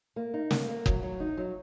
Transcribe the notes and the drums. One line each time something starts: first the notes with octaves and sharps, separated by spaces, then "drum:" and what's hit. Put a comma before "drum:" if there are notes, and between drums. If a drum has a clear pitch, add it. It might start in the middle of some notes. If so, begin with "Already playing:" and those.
A#3
D#4
A#3, drum: snare
A#3
F#3, drum: kick F#1
F#3
D#4
F#3